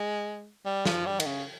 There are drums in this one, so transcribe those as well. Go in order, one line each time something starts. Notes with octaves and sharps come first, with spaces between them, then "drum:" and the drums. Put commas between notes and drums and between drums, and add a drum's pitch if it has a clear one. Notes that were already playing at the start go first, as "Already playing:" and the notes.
Already playing: G#3
G3
F3, drum: snare
G3
D#3, drum: cymbal
C#3